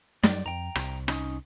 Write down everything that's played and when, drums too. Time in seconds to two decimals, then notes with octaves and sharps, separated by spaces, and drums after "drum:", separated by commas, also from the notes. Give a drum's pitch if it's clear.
0.23 F#2 F#3 G3 D5, drum: snare
0.46 F2 G5 A#5
0.75 C2, drum: rim click
1.08 C#4 D#4, drum: rim click